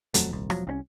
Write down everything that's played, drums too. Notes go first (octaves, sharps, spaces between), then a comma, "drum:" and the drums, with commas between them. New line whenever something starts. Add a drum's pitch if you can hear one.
D#1 F2 F#3 A3, drum: hi-hat
D#1 C2
E1 F3 F#3, drum: rim click
C2 C4 C#4